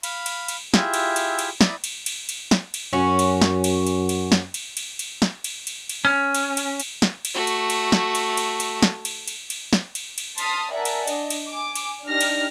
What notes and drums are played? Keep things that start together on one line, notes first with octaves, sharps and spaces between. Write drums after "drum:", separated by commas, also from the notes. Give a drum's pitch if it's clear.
F5 B5, drum: cymbal
drum: cymbal
drum: cymbal
E4 F4 G4 G#4 E5, drum: snare
drum: cymbal
drum: cymbal
drum: cymbal
E4 D5 A#5 B5 D#6, drum: snare
drum: cymbal
drum: cymbal
drum: cymbal
drum: snare
drum: cymbal
F#2 C#4 F#4
drum: cymbal
drum: snare
drum: cymbal
drum: cymbal
drum: cymbal
drum: snare
drum: cymbal
drum: cymbal
drum: cymbal
drum: snare
drum: cymbal
drum: cymbal
drum: cymbal
C#4
drum: cymbal
drum: cymbal
drum: cymbal
drum: snare
drum: cymbal
A3 F#4
drum: cymbal
drum: cymbal
drum: snare
drum: cymbal
drum: cymbal
drum: cymbal
drum: snare
drum: cymbal
drum: cymbal
drum: cymbal
drum: snare
drum: cymbal
drum: cymbal
A5 C6 D#6 F6 B6, drum: cymbal
A#4 D5 E5 F#5 G#5 A5
drum: cymbal
D4 D#5, drum: cymbal
drum: cymbal
G#5 D6
drum: cymbal
D4 D#4 G4 F6 A#6
drum: cymbal